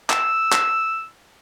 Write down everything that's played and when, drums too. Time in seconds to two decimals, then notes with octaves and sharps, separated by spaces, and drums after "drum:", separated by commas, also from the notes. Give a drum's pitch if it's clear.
0.10 E6, drum: clap
0.52 drum: clap